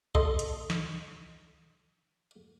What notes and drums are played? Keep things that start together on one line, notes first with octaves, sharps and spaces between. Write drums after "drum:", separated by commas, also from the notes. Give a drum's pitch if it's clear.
A4 D#5 C6, drum: kick
drum: hi-hat
drum: snare